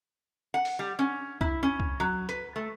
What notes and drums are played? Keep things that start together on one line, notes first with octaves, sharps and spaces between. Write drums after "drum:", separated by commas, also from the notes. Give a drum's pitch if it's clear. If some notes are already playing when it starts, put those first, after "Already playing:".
F#5
drum: open hi-hat
G3
C#4
E4, drum: kick C2
C#4
drum: kick C2
F#3
B4, drum: hi-hat
A3